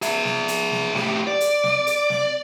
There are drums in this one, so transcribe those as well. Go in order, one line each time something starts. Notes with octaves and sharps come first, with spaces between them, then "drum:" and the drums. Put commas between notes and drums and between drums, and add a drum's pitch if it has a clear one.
G#4 E5, drum: hi-hat
drum: snare
drum: hi-hat
drum: snare
A2 G4, drum: snare
D5
drum: hi-hat
drum: snare
drum: hi-hat
drum: snare